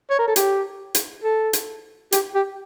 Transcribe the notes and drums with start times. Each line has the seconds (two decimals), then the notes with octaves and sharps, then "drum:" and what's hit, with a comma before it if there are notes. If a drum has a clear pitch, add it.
0.10 C#5
0.19 A#4
0.27 A4
0.36 G4, drum: hi-hat
0.95 drum: hi-hat
1.24 A4
1.53 drum: hi-hat
2.12 G4, drum: hi-hat
2.35 G4